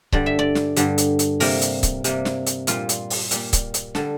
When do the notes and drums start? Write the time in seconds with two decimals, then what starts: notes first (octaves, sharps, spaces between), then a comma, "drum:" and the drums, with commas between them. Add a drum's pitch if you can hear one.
0.12 G2 D3 G3 D5, drum: kick C#1
0.26 E5
0.39 D5
0.55 drum: snare
0.77 G2 D3 G3, drum: hi-hat
0.98 drum: hi-hat
1.19 drum: hi-hat
1.40 C3 G3 A#3 A#4, drum: open hi-hat
1.62 drum: hi-hat
1.83 drum: kick C#1, hi-hat
2.04 C3 G3 A#3, drum: hi-hat
2.25 drum: snare
2.47 drum: hi-hat
2.67 A#2 G3 A#3 F4, drum: hi-hat
2.89 drum: hi-hat
3.10 drum: open hi-hat
3.31 A#2 G3 A#3, drum: hi-hat
3.53 drum: kick C#1, hi-hat
3.74 drum: hi-hat
3.95 D3 G3 A4, drum: snare